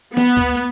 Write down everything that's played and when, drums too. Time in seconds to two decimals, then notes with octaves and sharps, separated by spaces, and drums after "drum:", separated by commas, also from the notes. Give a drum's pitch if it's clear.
0.17 B3, drum: snare
0.37 drum: kick